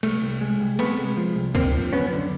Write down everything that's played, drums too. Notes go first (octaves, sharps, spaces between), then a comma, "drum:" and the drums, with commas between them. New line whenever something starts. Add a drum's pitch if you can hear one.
C2 A3, drum: cymbal
C2
G#3
C2
C3 A3 B3, drum: cymbal
G#3
F3
C2
D3 A#3 C4, drum: kick, cymbal
F3
F#2 B3 C#4
D3